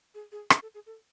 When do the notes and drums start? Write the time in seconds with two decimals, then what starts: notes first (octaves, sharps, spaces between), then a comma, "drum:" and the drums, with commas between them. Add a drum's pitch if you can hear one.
0.15 G#4
0.32 G#4
0.50 G#4, drum: rim click
0.62 A4
0.74 G#4
0.86 A4